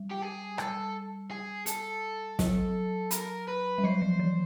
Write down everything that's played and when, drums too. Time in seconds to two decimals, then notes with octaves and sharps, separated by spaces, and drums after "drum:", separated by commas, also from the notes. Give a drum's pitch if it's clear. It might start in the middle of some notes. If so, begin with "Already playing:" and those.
Already playing: G3
0.11 G4
0.22 G#4
0.58 A4, drum: rim click
1.31 G#4
1.66 A4, drum: hi-hat
2.39 F#3, drum: snare
3.11 A#4, drum: hi-hat
3.48 B4
3.78 G3
3.84 F#3 C5
4.02 F3
4.20 E3